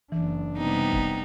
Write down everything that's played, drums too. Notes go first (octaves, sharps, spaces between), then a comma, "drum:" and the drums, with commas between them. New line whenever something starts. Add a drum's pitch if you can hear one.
F#1 E3 D4
C3 G3 B3 D#4
drum: kick